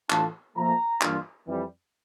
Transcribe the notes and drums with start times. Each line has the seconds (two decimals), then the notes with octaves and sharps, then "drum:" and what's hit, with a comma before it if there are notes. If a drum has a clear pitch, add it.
0.10 A2 E3 A3 D4 F4 A5, drum: clap
0.55 A#2 F3 A3 A#5
1.02 G2 E3 A#3 D4 F4, drum: clap
1.47 F2 E3 G3